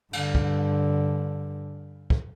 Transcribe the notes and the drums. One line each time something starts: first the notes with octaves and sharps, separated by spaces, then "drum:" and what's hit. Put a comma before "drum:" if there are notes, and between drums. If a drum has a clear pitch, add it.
G2 D3, drum: cymbal
drum: kick
drum: kick